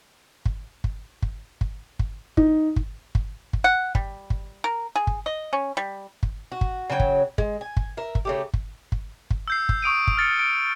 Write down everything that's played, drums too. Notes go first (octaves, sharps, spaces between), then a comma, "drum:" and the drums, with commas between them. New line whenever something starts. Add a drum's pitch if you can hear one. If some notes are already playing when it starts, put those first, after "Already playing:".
drum: kick
drum: kick
drum: kick
drum: kick
drum: kick
D#4, drum: kick
drum: kick
drum: kick
drum: kick
F#5
G3, drum: kick
drum: kick
A#4
G#4
drum: kick
D#5
C#4
G3
drum: kick
F#4
drum: kick
C#3 F#3 A#4 G5
drum: kick
G#3, drum: kick
G#5
drum: kick
A#4 E5
drum: kick
C#3 A3 G4
drum: kick
drum: kick
drum: kick
E6 G6 C7
drum: kick
C#6 D#6 D7 D#7
drum: kick
F6 A6 C#7
D7